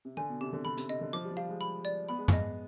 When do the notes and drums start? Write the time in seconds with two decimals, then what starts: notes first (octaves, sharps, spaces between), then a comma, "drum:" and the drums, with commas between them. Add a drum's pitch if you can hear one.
0.05 C3
0.17 D3 G#5
0.29 B2
0.41 C3 G4
0.53 D3
0.65 D3 B5
0.77 C3, drum: hi-hat
0.89 C3 D#5
1.01 D3
1.13 F3 D6
1.25 G3
1.31 F3
1.37 G3 F5
1.49 G#3
1.61 B5
1.85 D5
2.09 B3 B5
2.19 G#3
2.28 B3 D#5, drum: tom